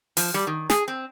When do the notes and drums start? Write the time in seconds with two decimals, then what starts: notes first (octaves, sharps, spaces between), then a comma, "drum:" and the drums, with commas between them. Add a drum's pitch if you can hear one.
0.17 F3, drum: open hi-hat
0.34 G3
0.47 D#3
0.70 G#4, drum: snare
0.88 C4